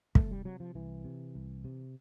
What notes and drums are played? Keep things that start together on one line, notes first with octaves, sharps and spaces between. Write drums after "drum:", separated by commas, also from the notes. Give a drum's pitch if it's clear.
C2 A3, drum: kick
G3
C3 F#3
F3
C2 E3
C3
C2
C3